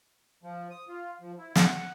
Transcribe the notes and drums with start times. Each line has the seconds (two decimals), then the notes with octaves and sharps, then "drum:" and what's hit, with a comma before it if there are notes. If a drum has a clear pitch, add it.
0.43 F3
0.70 D#6
0.88 F4
1.21 F3
1.38 E4
1.56 F#5, drum: snare